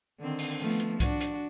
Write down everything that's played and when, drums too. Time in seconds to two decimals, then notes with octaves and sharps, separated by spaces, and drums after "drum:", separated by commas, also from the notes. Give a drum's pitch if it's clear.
0.19 D3 D#3 C4
0.39 drum: open hi-hat
0.61 F3 A3 B3
0.80 drum: hi-hat
1.00 D4 F#4, drum: kick C2, hi-hat
1.21 drum: hi-hat